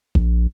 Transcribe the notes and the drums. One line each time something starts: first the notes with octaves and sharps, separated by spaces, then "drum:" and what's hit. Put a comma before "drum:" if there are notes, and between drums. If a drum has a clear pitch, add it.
A#1, drum: kick